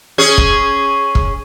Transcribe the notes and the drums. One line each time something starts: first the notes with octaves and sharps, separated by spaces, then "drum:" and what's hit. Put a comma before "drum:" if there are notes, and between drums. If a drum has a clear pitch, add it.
C#4 G#4
drum: kick
drum: kick